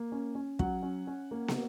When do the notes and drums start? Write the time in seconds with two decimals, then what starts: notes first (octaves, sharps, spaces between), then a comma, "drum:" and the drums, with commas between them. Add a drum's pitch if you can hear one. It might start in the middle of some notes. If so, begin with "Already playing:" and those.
Already playing: A#3
0.12 C#4
0.35 C#4
0.59 F#3 F#5, drum: kick
0.83 C#4
1.07 C#4
1.31 A#3
1.48 drum: snare